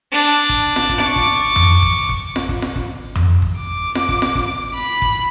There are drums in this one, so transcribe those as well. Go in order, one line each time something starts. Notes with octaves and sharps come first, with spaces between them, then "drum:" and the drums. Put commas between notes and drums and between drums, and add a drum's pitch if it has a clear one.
D4
drum: kick
drum: snare F4
drum: kick
C#6 D6, drum: snare F4
drum: kick
drum: tom F2
drum: kick
drum: kick
drum: snare F4
drum: kick
drum: snare F4
drum: kick
drum: tom F2
drum: kick
D6
drum: snare F4
drum: kick
drum: snare F4
drum: kick
B5
drum: kick